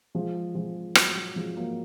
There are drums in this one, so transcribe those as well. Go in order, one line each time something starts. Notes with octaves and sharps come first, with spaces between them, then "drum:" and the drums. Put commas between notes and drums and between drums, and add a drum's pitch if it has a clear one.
F3 G#3
F3 G#3
F#3, drum: rim click
F#3
F3 G#3
F#3 A#3